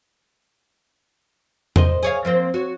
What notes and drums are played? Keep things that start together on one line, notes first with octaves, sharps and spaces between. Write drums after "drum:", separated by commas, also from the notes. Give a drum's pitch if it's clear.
A#4 C5 D#5, drum: tom E2
G#4 C#5 F5
F3 A#3 C4
F#4 C#5